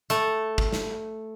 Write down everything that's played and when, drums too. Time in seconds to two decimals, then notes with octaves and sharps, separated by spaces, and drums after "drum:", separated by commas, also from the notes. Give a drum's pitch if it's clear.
0.10 A3, drum: hi-hat
0.58 drum: kick
0.73 drum: snare